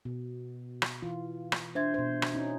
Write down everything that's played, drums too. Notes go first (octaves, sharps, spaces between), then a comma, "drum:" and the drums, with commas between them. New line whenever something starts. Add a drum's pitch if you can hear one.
B2
drum: rim click
E3 F4
drum: rim click
D4 C5 E5 G#6
B2 C5
drum: rim click
C#4 D#4